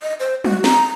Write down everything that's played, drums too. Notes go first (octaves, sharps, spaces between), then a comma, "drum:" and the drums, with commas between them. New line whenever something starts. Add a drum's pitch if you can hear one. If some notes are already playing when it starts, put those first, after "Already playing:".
D#5
C5
F#4, drum: tom F#3
A#5, drum: snare